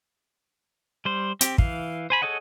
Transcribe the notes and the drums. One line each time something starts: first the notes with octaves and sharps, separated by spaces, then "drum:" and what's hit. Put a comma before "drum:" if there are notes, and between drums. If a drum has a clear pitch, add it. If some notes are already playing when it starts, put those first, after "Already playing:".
G3 C5
C4 G4, drum: hi-hat
E3 F5, drum: kick
C5 G#5 B5
G#4 A4 C#5 D#5 F#5